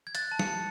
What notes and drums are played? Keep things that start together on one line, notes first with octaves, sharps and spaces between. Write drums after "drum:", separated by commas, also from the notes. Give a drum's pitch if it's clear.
G#6
F#6 A6, drum: hi-hat
A5
C#7, drum: snare
A5